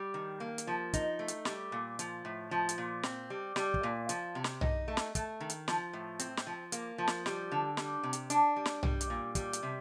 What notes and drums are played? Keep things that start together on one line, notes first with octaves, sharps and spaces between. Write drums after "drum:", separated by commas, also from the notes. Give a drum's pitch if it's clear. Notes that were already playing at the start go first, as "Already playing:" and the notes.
Already playing: G3
D#3
A#3
drum: hi-hat
F3
D#4, drum: kick, hi-hat
A3
drum: hi-hat
G3, drum: snare
A#2
F3, drum: hi-hat
A2
F3
drum: hi-hat
A#2
C4, drum: snare
G3
G3, drum: snare
drum: kick
A#2
F3, drum: hi-hat
C3
drum: snare
D#4, drum: tom B1
A3
drum: snare
A3, drum: kick, hi-hat
D#3
drum: hi-hat
F3, drum: snare
A2
C4, drum: hi-hat
drum: snare
F3
A#3, drum: hi-hat
F3
drum: snare
G3, drum: snare
D3
G3, drum: snare
C3
drum: hi-hat
D4, drum: hi-hat
G3
drum: snare
G3, drum: tom B1
drum: hi-hat
A#2
G3, drum: kick, hi-hat
drum: hi-hat
C3